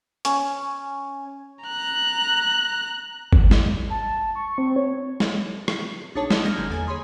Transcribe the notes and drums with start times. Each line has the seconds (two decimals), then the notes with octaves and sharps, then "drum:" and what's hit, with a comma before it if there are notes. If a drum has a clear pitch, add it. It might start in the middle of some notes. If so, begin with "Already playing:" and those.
0.25 C#4, drum: hi-hat
1.64 A#5 F#6
3.33 drum: kick G1
3.51 drum: snare
3.90 A5
4.35 C#6
4.58 C4
4.76 C#5
5.20 drum: snare
5.68 drum: rim click
6.15 B1 D4 D#4 G#4 C#5 A5
6.30 D#6, drum: snare
6.45 F6 G6 G#6 A#6 C#7
6.57 G1 D3 A#3 F#5 G#5
6.70 E2 A#3 A4 G#5 A6
6.87 G#4 C#5 B5 C6 D#6